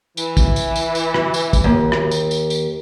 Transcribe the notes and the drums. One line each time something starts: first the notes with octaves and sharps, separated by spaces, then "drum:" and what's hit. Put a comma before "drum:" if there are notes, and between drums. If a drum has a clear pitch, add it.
E3, drum: tambourine
drum: kick, tambourine
drum: tambourine
drum: tambourine
drum: tambourine
drum: rim click
drum: tambourine
drum: kick, tambourine
D#2
drum: rim click
drum: tambourine
drum: tambourine
drum: tambourine